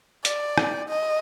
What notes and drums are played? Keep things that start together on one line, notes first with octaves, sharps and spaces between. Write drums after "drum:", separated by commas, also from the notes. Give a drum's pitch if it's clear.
D5, drum: hi-hat
drum: rim click
D#5